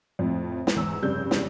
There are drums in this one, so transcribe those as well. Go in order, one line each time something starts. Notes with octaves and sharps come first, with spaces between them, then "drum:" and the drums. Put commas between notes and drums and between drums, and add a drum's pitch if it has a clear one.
F2 A2
drum: snare
E2 G#2 E6
F1 G2 C#3 D5 G6
drum: snare